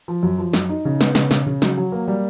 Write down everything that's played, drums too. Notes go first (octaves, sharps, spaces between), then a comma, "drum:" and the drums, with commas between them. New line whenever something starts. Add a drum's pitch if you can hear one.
F3
F#2
F3
F#2, drum: snare
D#4
C#3
B3, drum: snare
C#3, drum: snare
C#3, drum: snare
C#3
F#3, drum: snare
F#3
A#3
G3